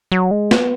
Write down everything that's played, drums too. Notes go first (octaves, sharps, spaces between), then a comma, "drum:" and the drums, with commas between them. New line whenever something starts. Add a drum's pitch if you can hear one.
F#3
G#3
B3, drum: snare